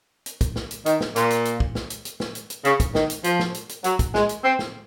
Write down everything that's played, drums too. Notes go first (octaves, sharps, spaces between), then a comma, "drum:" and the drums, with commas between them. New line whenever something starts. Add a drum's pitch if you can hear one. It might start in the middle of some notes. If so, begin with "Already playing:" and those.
drum: hi-hat
drum: kick, hi-hat
drum: snare
drum: hi-hat
D#3, drum: hi-hat
drum: snare
A#2, drum: hi-hat
drum: hi-hat
drum: hi-hat
drum: kick
drum: snare
drum: hi-hat
drum: hi-hat
drum: snare
drum: hi-hat
drum: hi-hat
C#3, drum: hi-hat
drum: kick, hi-hat
D#3, drum: snare
drum: hi-hat
F3, drum: hi-hat
drum: snare
drum: hi-hat
drum: hi-hat
F#3, drum: hi-hat
drum: kick, hi-hat
G#3, drum: snare
drum: hi-hat
C4
drum: snare